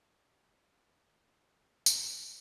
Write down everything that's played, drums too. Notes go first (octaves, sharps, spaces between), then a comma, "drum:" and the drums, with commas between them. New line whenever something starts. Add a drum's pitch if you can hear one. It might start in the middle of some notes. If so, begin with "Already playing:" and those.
G4 A#4 D#5 E5 A#5
drum: tambourine